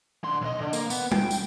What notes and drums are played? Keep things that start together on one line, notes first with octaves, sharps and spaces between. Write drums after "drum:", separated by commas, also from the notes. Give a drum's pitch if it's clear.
D3 C6
B1 D#5
D3
A#3, drum: tambourine
B3, drum: tambourine
G5, drum: tom G3
drum: tambourine